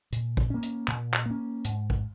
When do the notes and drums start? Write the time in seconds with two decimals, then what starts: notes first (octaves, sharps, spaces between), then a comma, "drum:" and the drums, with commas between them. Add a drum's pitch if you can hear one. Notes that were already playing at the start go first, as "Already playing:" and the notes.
0.12 A#2, drum: hi-hat
0.37 drum: kick
0.50 A#3 C#4
0.63 drum: hi-hat
0.88 A#2, drum: clap
1.14 drum: clap
1.26 A#3 C#4
1.64 G#2, drum: hi-hat
1.90 drum: kick